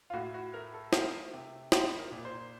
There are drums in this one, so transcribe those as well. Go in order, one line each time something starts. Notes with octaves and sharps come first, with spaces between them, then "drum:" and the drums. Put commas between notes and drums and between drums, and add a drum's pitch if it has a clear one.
F4
A2 F#4
F#4
A3 A#4
A4
A3 A#4, drum: snare
C3
D#4 C5, drum: snare
A#4
A#2
C5